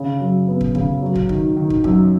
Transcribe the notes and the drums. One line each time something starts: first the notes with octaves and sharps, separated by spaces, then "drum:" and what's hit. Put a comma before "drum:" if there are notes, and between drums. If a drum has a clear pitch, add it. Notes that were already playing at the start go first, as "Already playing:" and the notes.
Already playing: C#3
F#2
B3
drum: kick
C#3, drum: kick
F#3
drum: kick
D#3, drum: kick
D#3
drum: kick
F#2, drum: kick